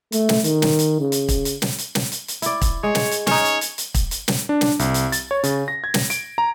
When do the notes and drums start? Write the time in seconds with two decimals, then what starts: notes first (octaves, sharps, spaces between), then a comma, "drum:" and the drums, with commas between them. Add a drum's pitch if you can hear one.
0.12 A3, drum: hi-hat
0.29 drum: snare
0.44 D#3, drum: hi-hat
0.62 drum: snare
0.79 drum: hi-hat
1.00 C#3
1.12 drum: hi-hat
1.29 drum: kick, hi-hat
1.45 drum: hi-hat
1.62 drum: snare
1.78 drum: hi-hat
1.95 drum: snare
2.12 drum: hi-hat
2.28 drum: hi-hat
2.42 E4 D5, drum: hi-hat
2.62 drum: kick, hi-hat
2.83 G#3 C#5
2.95 drum: snare
3.11 drum: hi-hat
3.27 C#4 D#4 C#5, drum: snare
3.45 drum: hi-hat
3.61 drum: hi-hat
3.78 drum: hi-hat
3.94 drum: kick, hi-hat
4.11 drum: hi-hat
4.28 drum: snare
4.49 D4
4.61 drum: snare
4.79 C2, drum: hi-hat
4.94 drum: hi-hat
5.12 A6, drum: hi-hat
5.31 C#5
5.44 C#3, drum: hi-hat
5.68 A#6
5.84 G#6
5.94 drum: snare
6.10 D7, drum: hi-hat
6.38 A#5